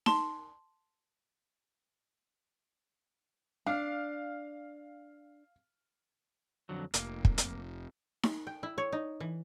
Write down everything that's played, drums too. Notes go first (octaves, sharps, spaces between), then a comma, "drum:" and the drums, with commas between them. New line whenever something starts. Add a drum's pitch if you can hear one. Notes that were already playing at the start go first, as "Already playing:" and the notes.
A5 C6, drum: snare D#4
D4 F5 F6
F2 D3 F#3
F1 A#3, drum: hi-hat
drum: kick
drum: hi-hat
drum: snare D#4
G5
E4
C#5
D#4
E3